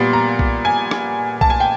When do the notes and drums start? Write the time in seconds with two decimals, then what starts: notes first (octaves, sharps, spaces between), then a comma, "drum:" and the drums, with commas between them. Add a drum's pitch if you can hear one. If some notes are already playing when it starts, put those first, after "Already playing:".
Already playing: A#2 G3 B3 C6
0.13 A#5
0.39 drum: kick B1
0.65 G#5
0.91 drum: rim click
1.41 A5, drum: kick B1
1.50 G#5
1.60 G5